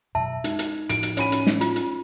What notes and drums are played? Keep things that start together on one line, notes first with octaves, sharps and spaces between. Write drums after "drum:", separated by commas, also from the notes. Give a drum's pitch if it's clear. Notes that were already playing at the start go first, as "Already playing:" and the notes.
F#2 B2 F#3 E5 A5
G#3 D#4, drum: hi-hat
drum: hi-hat
A2 F3 D7, drum: hi-hat
drum: hi-hat
C#4 B5 D#7, drum: hi-hat
drum: hi-hat
drum: snare
F4, drum: hi-hat
drum: hi-hat